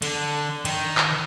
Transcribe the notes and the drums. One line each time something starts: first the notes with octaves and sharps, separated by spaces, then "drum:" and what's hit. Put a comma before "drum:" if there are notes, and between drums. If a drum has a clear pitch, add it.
D3, drum: cymbal
D#3, drum: cymbal
drum: clap